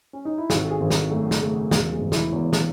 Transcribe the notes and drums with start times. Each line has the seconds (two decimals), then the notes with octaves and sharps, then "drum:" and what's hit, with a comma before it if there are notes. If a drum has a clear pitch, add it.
0.13 C#4
0.25 D#4
0.38 E4
0.50 G#1 F#4, drum: snare
0.65 A4
0.70 G#4
0.81 G#1
0.90 F#4, drum: snare
1.11 F#2 A3
1.31 drum: snare
1.41 C#3 A3
1.71 E1 F#3, drum: snare
1.92 G#3
2.02 E1
2.12 E4, drum: snare
2.32 E2 C#5
2.53 drum: snare